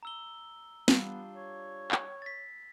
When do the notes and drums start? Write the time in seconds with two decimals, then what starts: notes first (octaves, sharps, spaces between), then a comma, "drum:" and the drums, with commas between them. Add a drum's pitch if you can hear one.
0.03 A#5 E6 G7
0.88 G3 B3 D4 F4, drum: snare
1.34 C#5
1.92 drum: clap
2.22 A6 B6